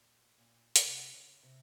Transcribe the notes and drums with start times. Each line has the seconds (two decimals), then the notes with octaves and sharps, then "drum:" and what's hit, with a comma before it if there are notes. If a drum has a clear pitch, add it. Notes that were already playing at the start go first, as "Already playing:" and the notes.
Already playing: A#2
0.38 A#2
0.76 A#2, drum: hi-hat
0.84 C3
1.13 C#3
1.43 C3